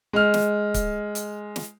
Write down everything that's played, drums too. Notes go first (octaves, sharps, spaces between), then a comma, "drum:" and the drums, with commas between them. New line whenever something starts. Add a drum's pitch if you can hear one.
G#3 F6
drum: snare
drum: kick C#1, hi-hat
drum: hi-hat
drum: snare